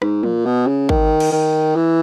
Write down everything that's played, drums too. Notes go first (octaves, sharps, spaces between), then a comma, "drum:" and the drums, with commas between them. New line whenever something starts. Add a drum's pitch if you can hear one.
G#2, drum: rim click
A#2, drum: tom
B2
C#3
D#3, drum: kick
drum: cymbal
D#3
E3